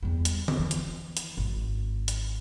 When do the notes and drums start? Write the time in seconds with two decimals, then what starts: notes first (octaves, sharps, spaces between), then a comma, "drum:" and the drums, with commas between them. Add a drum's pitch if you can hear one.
0.02 E2 G3
0.25 drum: hi-hat
0.48 drum: tom D3
0.59 E3
0.71 drum: hi-hat
1.17 drum: hi-hat
1.37 G#1
2.08 drum: hi-hat